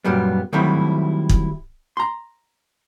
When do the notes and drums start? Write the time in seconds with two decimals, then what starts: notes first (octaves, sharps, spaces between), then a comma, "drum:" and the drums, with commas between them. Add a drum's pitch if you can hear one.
0.05 F#2 A#2 F#3 G3 A#3 B3
0.53 D#3 F#3 G3 A3 C4 E4
1.29 drum: kick
1.97 A#5 C6